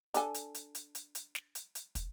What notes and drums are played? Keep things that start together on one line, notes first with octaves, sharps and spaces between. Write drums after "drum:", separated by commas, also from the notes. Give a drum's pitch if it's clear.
D4 A4 G#5, drum: hi-hat
drum: hi-hat
drum: hi-hat
drum: hi-hat
drum: hi-hat
drum: hi-hat
drum: snare
drum: hi-hat
drum: hi-hat
drum: kick, hi-hat